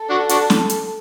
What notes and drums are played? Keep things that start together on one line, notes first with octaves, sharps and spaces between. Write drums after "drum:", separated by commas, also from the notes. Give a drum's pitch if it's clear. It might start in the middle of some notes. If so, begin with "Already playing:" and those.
Already playing: A4
D4 F#4
D4 F#4, drum: hi-hat
drum: snare
drum: hi-hat